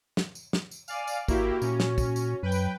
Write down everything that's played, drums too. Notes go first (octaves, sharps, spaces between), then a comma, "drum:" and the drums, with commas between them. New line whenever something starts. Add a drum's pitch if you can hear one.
drum: snare
drum: tambourine
drum: snare
drum: tambourine
D5 F5 G#5, drum: tambourine
drum: tambourine
G#1 A#3 E4 F#4 G4, drum: kick, tambourine
A#2 C#4, drum: tambourine
drum: snare
drum: kick, tambourine
drum: tambourine
F#2 F#3 B4 G5
drum: tambourine